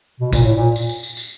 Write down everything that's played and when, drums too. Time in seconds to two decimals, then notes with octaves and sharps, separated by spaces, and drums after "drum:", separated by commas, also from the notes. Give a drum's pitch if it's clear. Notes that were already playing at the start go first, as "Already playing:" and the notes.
0.20 B2
0.33 A#2, drum: kick, tambourine
0.43 A2
0.56 A#2
0.76 drum: tambourine
0.89 drum: tambourine
1.03 drum: tambourine
1.17 drum: tambourine